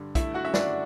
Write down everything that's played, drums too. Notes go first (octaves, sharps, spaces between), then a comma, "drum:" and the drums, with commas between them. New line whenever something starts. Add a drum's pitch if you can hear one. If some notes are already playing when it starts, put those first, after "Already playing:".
Already playing: G2 D3
A3 E4 E5, drum: kick, hi-hat
F#4 F#5
F#2 E5
D4 D5, drum: snare